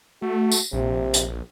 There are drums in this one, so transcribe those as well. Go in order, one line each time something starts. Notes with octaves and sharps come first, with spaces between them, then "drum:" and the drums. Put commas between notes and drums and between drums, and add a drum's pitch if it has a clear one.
A3 F#4
drum: tambourine
A#1 C3
drum: hi-hat